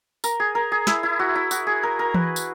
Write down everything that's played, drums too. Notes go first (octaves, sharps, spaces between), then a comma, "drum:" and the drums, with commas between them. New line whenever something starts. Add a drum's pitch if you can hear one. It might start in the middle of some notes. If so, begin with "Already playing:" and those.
A#4, drum: tambourine
G#4
A#4
G#4
E4, drum: snare
E4
F#4
E4
F#4, drum: tambourine
G#4
A#4
A#4
B4, drum: tom E3
drum: tambourine